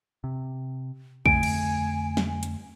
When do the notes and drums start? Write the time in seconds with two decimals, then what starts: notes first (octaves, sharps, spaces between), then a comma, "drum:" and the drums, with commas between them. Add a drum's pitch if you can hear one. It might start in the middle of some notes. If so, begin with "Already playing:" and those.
0.24 C3
1.26 F2 D3 A3 G#5 D7, drum: kick
1.43 drum: cymbal
2.17 drum: snare
2.43 drum: hi-hat